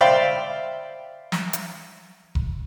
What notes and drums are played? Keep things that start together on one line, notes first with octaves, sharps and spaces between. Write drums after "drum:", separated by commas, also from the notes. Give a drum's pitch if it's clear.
C5 D5 E5 F5 G5 B5
drum: snare
drum: hi-hat
drum: kick F1